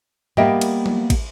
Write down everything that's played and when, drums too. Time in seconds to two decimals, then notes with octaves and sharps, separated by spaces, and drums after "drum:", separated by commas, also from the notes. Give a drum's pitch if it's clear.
0.37 G3 A#3 B3 D#5 E5 G5, drum: tom
0.61 drum: cymbal
0.86 drum: tom F#3
1.10 drum: kick, cymbal